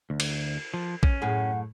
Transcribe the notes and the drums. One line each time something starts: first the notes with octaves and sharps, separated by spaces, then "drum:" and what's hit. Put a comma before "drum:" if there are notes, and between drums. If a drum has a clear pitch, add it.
D2
drum: cymbal
F3
C#4, drum: kick A#1
F#2 A2 G#4 F#5